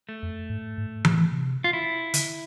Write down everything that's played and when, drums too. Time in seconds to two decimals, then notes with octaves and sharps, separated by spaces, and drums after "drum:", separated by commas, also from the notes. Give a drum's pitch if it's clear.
0.09 A3
0.23 F2
0.50 G#2
0.78 G#2
1.05 A2, drum: tom E3
1.32 C3
1.64 F4
1.73 E4
2.14 D3, drum: hi-hat